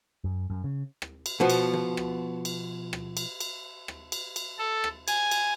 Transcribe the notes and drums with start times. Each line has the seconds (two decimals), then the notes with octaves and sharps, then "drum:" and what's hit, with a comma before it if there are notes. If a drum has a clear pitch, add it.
0.24 F#2
0.50 F#2
0.64 C#3
1.02 drum: rim click
1.26 drum: cymbal
1.40 B2 F3 B3
1.50 drum: cymbal
1.73 drum: tom
1.97 drum: rim click
2.45 drum: cymbal
2.93 drum: rim click
3.17 drum: cymbal
3.41 drum: cymbal
3.88 drum: rim click
4.12 drum: cymbal
4.36 drum: cymbal
4.59 A4
4.84 drum: rim click
5.08 G#5, drum: cymbal
5.31 drum: cymbal